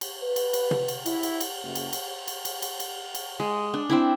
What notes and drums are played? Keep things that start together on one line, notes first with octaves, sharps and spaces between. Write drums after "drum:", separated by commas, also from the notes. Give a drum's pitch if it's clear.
drum: cymbal
B4
drum: cymbal
drum: cymbal
drum: tom
drum: cymbal
E4, drum: cymbal
drum: cymbal
drum: cymbal
F#1
drum: cymbal
drum: cymbal
drum: cymbal
drum: cymbal
drum: cymbal
drum: cymbal
drum: cymbal
G#3
D4
C4 D4 E4